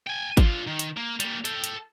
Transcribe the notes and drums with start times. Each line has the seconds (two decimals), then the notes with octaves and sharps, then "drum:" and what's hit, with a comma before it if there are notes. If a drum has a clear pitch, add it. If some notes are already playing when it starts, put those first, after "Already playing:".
0.07 G5 G#5
0.37 D3 F4, drum: kick G#1, hi-hat
0.67 D#3
0.79 drum: hi-hat
0.97 A#3
1.20 G3 A#3, drum: hi-hat
1.45 A4 G5, drum: hi-hat
1.64 drum: hi-hat